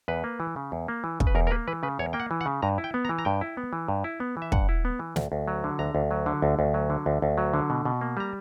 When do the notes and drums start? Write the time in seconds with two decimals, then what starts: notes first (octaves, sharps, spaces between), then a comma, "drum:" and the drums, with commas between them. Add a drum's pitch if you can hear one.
0.08 E2 B4
0.24 A#3
0.40 E3
0.56 C#3
0.72 E2
0.88 A#3
1.04 E3
1.20 C#3, drum: kick
1.27 B4
1.35 E2 A#4
1.47 A#4
1.51 A#3 B4
1.68 E3 B4
1.83 C#3 B4
1.99 E2 C#5
2.13 A#3 G5
2.20 F#5
2.31 E3
2.41 F#5
2.46 C#3
2.62 G2 A#5
2.78 E4
2.84 G5
2.94 B3
3.05 A#5
3.09 E3
3.19 A#5
3.25 G2 G5
3.41 E4
3.57 B3
3.73 E3
3.88 G2
4.04 E4
4.20 B3
4.37 E3
4.42 E5
4.52 G2 F#5, drum: kick
4.69 E4
4.85 B3
4.99 E3
5.16 D2, drum: snare
5.32 D2
5.48 F#3
5.64 D3
5.79 D2 A#5
5.95 D2
6.11 F#3
6.26 D3
6.42 D2
6.59 D2
6.74 F#3
6.90 D3
7.06 D2
7.22 D2
7.38 F#3
7.54 D3
7.70 B2
7.85 B2
8.01 A#3
8.17 G3 A#5